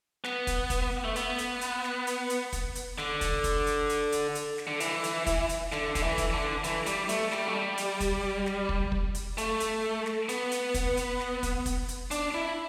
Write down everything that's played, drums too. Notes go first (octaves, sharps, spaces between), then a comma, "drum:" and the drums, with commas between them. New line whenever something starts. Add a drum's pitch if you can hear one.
B3, drum: snare
drum: kick, hi-hat
drum: kick, hi-hat
A3
B3, drum: hi-hat
drum: hi-hat
drum: hi-hat
drum: snare
drum: hi-hat
drum: hi-hat
drum: kick, hi-hat
drum: hi-hat
D3, drum: snare
drum: kick, hi-hat
drum: kick, hi-hat
drum: hi-hat
drum: hi-hat
drum: hi-hat
drum: hi-hat
drum: snare
D3
E3, drum: hi-hat
drum: hi-hat
drum: kick, hi-hat
drum: hi-hat
D3, drum: snare
D3, drum: kick, hi-hat
E3
drum: kick, hi-hat
D3
E3, drum: hi-hat
G3, drum: hi-hat
A3, drum: hi-hat
G3, drum: snare
A3
G3
drum: hi-hat
drum: kick, hi-hat
drum: snare
drum: kick
drum: kick
drum: hi-hat
A3, drum: hi-hat
drum: hi-hat
drum: snare
B3, drum: hi-hat
drum: hi-hat
drum: kick, hi-hat
drum: hi-hat
drum: snare
drum: kick, hi-hat
drum: kick, hi-hat
drum: hi-hat
D4, drum: hi-hat
E4